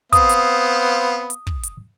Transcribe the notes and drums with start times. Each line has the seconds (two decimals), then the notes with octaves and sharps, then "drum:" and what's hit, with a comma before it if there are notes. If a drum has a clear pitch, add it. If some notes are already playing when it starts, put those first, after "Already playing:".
0.13 B3 C4 F5 D#6, drum: kick, hi-hat
0.29 drum: hi-hat
1.30 drum: hi-hat
1.47 drum: kick
1.63 drum: hi-hat